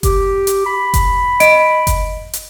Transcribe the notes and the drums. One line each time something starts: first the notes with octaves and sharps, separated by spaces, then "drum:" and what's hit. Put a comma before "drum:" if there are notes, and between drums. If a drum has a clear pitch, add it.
G4, drum: kick F#1, hi-hat
drum: hi-hat
B5
drum: kick F#1, hi-hat
D#5 D7, drum: hi-hat
drum: kick F#1, hi-hat
drum: hi-hat